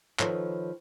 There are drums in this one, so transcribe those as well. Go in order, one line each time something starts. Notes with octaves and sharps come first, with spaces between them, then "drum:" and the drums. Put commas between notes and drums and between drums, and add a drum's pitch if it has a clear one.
D#3 F3 A4 B4 C#5, drum: clap